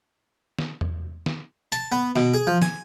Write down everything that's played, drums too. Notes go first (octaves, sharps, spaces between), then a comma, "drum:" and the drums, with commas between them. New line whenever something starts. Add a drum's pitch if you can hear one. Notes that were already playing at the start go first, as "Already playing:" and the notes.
drum: snare
drum: tom E2
drum: snare
A5, drum: hi-hat
B3
B2, drum: snare
G#4
F3
G#5, drum: snare